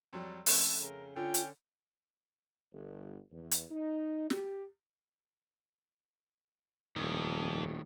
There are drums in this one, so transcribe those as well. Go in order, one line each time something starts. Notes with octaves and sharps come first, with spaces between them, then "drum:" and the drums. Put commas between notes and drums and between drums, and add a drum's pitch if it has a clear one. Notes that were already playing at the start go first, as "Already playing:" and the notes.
F2 F#3 G3
F2 A3 C#4 A4, drum: open hi-hat
C#3 A#4
D3 C#4 F4 G5
drum: hi-hat
G1
E2
drum: hi-hat
D#4
G4, drum: snare
D#1 F2 A2 D#3